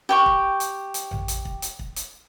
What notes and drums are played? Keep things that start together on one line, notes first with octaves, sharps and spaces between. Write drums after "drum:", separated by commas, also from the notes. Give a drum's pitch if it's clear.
G4 G5 C#6
drum: kick
drum: hi-hat
drum: hi-hat
drum: tom A1
drum: hi-hat
drum: kick
drum: hi-hat
drum: kick
drum: hi-hat